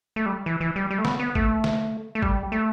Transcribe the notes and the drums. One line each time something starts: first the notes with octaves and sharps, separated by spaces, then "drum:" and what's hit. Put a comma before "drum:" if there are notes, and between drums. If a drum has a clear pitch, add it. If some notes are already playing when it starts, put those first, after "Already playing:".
A3
G3
E3
E3
G3
G3
A3
B3, drum: snare
B3
A3, drum: kick
drum: snare
A3
G3, drum: kick
A3